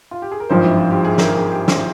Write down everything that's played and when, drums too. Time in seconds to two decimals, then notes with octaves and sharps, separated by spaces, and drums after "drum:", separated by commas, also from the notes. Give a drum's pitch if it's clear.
0.11 F4
0.22 G4
0.32 G#4
0.40 A#4
0.49 G#1 G2 F3 C5
0.64 E4
0.77 F4
0.91 G4
1.04 G#4
1.18 A#4, drum: snare
1.29 A#4
1.35 G#4
1.51 G4
1.68 C5, drum: snare